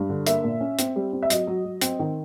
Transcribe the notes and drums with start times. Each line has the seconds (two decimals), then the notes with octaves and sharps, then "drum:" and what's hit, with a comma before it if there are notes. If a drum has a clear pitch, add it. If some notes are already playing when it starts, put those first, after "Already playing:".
Already playing: G2
0.09 D3
0.27 A#3 E5, drum: hi-hat
0.44 A#2
0.61 C#4
0.79 C4, drum: hi-hat
0.96 G3
1.13 C4
1.23 E5
1.30 F#3 D#5, drum: hi-hat
1.47 F#3
1.65 F#3
1.81 C4, drum: hi-hat
1.99 D#3